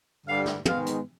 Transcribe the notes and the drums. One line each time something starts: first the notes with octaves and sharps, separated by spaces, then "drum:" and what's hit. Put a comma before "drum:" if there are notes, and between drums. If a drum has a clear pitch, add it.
G2 D3 G3 F5
drum: snare
G#2 D#3 G#3 B3 F5, drum: tom
drum: hi-hat